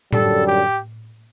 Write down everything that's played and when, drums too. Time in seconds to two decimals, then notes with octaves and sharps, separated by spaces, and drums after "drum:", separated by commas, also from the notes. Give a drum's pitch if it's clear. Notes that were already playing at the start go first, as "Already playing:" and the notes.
0.13 F#2 D3 G3 A4, drum: tom A2
0.47 G4